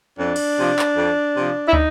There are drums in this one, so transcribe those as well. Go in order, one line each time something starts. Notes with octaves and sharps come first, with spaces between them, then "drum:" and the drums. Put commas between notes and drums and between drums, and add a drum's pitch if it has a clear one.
F2 D4
drum: cymbal
C3 F3
drum: clap
F2
C3 F3
E4
D#4, drum: kick